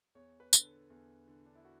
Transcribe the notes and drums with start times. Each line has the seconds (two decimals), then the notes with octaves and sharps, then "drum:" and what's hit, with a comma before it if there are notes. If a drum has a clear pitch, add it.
0.15 E2 C#5
0.40 B4
0.53 D3, drum: tambourine
0.65 A4
0.90 E2
1.28 D3
1.46 D4
1.55 E4
1.65 F#4